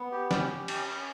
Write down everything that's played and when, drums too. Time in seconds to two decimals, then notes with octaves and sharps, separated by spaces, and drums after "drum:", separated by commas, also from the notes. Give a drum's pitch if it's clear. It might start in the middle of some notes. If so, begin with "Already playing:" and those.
Already playing: B3
0.12 G4
0.31 C#4, drum: snare
0.49 G4
0.68 C#4, drum: cymbal
0.87 C#4